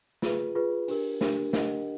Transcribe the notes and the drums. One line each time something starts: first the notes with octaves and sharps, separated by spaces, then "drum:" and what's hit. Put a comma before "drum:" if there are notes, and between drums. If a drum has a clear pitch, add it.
F4 G#4 B4, drum: snare
F4 G#4 B4
D4 G4 A#4, drum: open hi-hat
D4 G4 A#4, drum: snare
D4 G4 A#4 D#5 F#5, drum: snare